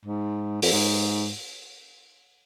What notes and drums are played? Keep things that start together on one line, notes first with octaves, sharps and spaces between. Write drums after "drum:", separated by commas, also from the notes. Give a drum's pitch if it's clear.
G#2
F2, drum: open hi-hat
G#2